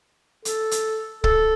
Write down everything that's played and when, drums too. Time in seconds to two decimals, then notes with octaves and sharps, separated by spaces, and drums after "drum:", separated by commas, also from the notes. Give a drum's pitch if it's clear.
0.45 A4, drum: hi-hat
0.71 drum: hi-hat
1.24 A4, drum: kick